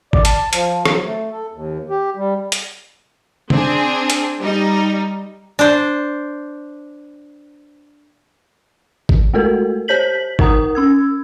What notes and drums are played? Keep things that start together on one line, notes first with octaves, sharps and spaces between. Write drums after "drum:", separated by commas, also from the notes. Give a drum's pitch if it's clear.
D5, drum: kick G#1
A5, drum: hi-hat
F3, drum: hi-hat
F#3, drum: rim click
A3
A4
D#2
G4
G3
drum: hi-hat
C4 D4 G#4, drum: tom C3
drum: hi-hat
G3 D#4
D4 C5
drum: kick G#1
G#3 A3 F#4 A4 A#4
G4 C5 C#5 G6 B6 F#7
D#4 A#4 F#5 A#5 D#6, drum: kick G#1
C#4 E6 G#6